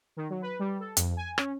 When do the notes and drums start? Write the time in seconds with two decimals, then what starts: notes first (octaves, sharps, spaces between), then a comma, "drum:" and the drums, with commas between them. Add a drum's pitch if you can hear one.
0.17 D#3
0.30 F#3
0.42 B4
0.59 G3
0.79 A4
0.97 F2, drum: hi-hat
1.17 G#5
1.38 C#4, drum: rim click